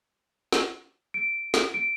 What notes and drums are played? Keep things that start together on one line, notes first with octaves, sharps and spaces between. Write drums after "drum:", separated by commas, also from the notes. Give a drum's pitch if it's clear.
drum: snare
D7
drum: snare
D7